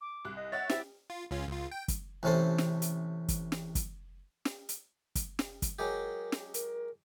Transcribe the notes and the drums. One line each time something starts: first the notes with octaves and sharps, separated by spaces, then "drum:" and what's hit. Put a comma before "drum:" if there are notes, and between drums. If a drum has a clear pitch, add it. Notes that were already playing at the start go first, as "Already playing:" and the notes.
D6
C2 F#6
D#5
C#5 E5 F#5 A6
C4 E4 G4 E5, drum: snare
F4
C#2 C#4 F4
C#2 F4
G5
drum: kick, hi-hat
A1 C3 C#4 A4 C5
drum: snare
drum: hi-hat
drum: kick, hi-hat
drum: snare
drum: kick, hi-hat
drum: snare
drum: hi-hat
drum: kick, hi-hat
drum: snare
drum: kick, hi-hat
F#3 G#3 G4 A#4
drum: snare
A#4, drum: hi-hat